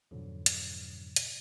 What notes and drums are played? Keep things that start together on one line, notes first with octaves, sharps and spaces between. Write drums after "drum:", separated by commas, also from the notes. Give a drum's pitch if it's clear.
F2 G#2 B2 D3 F3 F#3
drum: hi-hat
drum: hi-hat